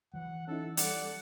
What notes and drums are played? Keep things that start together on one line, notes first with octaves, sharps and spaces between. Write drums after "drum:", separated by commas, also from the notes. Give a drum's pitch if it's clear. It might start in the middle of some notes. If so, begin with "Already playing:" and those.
E3 F#3 F#5
C#4 D#4 E4 A4
G3 A4 D5 F#5, drum: hi-hat